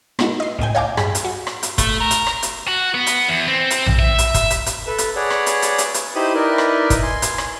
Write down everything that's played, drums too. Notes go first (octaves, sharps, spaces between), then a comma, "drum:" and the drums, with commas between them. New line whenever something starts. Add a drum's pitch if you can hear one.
G#3 A#3 B3 D#4 E4 F#4, drum: rim click
D#5 C6
C#2 A2 G5 G#5
C#5 D#5 F5 G5 G#5 D6
G2 G#4 B5, drum: rim click
drum: hi-hat
F#4
drum: rim click
drum: hi-hat
A3, drum: kick, hi-hat
A#4
drum: hi-hat
drum: rim click
drum: hi-hat
F#4
B3
drum: hi-hat
E2
C4
drum: hi-hat
drum: tom A#1
E5
drum: hi-hat
drum: kick, hi-hat
drum: hi-hat
drum: hi-hat
A4 B4
drum: hi-hat
G#4 B4 C#5 D5 F#5
drum: rim click
drum: hi-hat
drum: hi-hat
drum: hi-hat
drum: hi-hat
D#4 E4 G4 C5 B5 D#6
D#4 E4 A#4 B4 D5 D#5
drum: rim click
drum: kick, hi-hat
G#5 C6
drum: hi-hat
drum: rim click